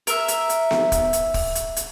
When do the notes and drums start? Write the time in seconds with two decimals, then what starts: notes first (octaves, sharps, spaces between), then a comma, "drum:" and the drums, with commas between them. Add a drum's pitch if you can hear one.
0.07 A#4 E5, drum: hi-hat
0.28 drum: hi-hat
0.49 drum: hi-hat
0.71 drum: snare B3
0.92 drum: kick, hi-hat
1.13 drum: hi-hat
1.34 drum: kick, open hi-hat
1.55 drum: hi-hat
1.77 drum: hi-hat